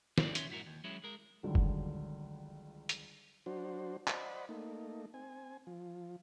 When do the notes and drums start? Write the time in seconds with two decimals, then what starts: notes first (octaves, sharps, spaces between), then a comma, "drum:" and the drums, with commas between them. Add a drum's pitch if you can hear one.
0.18 A#2 D3 A3 C4 A4 D5, drum: snare
0.35 E3 C#4 C#5 E5 C6, drum: hi-hat
0.51 G#2 E4 F#4 A#4
0.66 D#2
0.84 F#3 G#3 C#4 E4
1.04 G#3 A#4
1.43 G1 C#2 D3 D#3 F#3
1.55 drum: kick F#1
2.89 drum: hi-hat
3.46 F#3 D4 F#4 C5
4.08 C5 D5 D#5 F#5 B5, drum: clap
4.49 A3 A#3 D#4
5.14 C4 G#5
5.67 F3